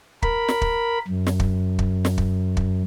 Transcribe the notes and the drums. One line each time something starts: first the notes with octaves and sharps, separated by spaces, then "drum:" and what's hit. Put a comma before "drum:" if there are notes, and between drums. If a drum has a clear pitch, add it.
A#4 B5, drum: kick
drum: snare
drum: kick
F#2
drum: snare
drum: kick
drum: kick
drum: snare
drum: kick
drum: kick